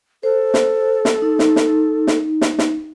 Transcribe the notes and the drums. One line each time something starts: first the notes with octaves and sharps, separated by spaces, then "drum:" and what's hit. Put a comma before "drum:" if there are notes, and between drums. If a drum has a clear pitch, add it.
A4 C5
drum: snare
drum: snare
D#4
drum: snare
drum: snare
drum: snare
drum: snare
drum: snare